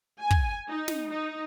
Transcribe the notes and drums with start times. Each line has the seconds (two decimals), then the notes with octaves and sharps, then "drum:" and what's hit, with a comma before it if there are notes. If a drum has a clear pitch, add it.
0.20 G#5
0.31 drum: kick
0.69 D#4
0.88 drum: snare
1.10 D#4